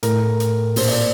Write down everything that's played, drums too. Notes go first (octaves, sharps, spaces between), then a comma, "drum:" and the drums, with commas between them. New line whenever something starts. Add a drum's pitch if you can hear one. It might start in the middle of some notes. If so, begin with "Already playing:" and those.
A2 A#4, drum: hi-hat
drum: hi-hat
A#2 C5, drum: open hi-hat
D5